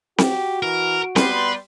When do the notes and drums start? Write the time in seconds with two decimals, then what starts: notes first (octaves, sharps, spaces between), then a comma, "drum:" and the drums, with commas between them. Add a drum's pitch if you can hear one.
0.18 F#4 G4, drum: snare C4
0.63 E3 A#4
1.16 G3 B3 B4 C6, drum: snare C4